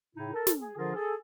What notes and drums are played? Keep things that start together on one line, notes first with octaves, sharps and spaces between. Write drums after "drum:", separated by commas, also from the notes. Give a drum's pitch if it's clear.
A2 C#3 D#4 E4
A4 A#4
drum: snare
G#4
D3 F3 D4 F4 G#4 A#4
G#4 A4